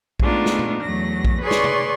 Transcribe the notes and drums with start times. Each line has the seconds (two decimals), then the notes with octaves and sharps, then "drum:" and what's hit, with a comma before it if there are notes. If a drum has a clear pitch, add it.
0.20 G#3 A3 B3 D4 D#4 F4, drum: kick A#1
0.46 drum: snare
0.59 drum: tom A#2
0.82 E2 F#3 A3 A#6
1.25 drum: kick A#1
1.42 G#4 B4 C#5 D5 C6 C#6
1.51 drum: snare
1.64 drum: tom C3